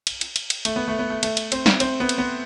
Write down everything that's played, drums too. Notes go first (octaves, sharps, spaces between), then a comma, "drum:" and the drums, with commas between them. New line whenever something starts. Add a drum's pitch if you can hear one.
drum: cymbal
drum: cymbal
drum: cymbal
drum: cymbal
A3, drum: cymbal
B3
A3
B3
A3
A3, drum: cymbal
drum: cymbal
C4, drum: cymbal
drum: snare
C4, drum: cymbal
B3
drum: cymbal
B3